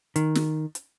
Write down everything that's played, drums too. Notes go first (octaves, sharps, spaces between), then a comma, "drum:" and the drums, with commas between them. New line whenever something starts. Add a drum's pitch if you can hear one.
D#3, drum: hi-hat
drum: snare
drum: hi-hat